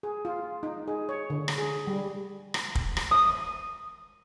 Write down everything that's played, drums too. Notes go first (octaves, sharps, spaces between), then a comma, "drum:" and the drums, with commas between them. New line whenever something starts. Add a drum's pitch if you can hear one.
G#4
F4
D#4
G#4
C#5
D3
drum: rim click
G#4
G3
drum: rim click
drum: kick
drum: rim click
D#6